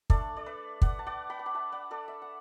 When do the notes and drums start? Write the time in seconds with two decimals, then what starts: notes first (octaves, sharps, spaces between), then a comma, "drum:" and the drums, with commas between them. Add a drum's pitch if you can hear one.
0.10 A3 D4 A4 D5, drum: kick
0.36 D5
0.46 B4 E5
0.82 D5 F#5, drum: kick
0.99 A5
1.06 D5 F#5
1.30 F#5 B5
1.39 D6
1.46 B5
1.55 E5 A5
1.72 D5 F#5
1.91 A4 D5
2.08 E5
2.22 F#5